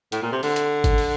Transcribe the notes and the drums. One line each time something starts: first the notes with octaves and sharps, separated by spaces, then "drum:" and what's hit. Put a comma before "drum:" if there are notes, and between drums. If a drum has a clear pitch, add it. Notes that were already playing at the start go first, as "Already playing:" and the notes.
A2, drum: hi-hat
A#2
C3
D3, drum: open hi-hat
drum: hi-hat
drum: kick G#1, hi-hat
drum: open hi-hat